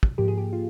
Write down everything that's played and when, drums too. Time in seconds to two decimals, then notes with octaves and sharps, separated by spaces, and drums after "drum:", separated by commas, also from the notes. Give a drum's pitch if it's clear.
0.03 drum: kick
0.18 G#2 F3 A#3 G4
0.28 G#4
0.38 G4
0.53 F4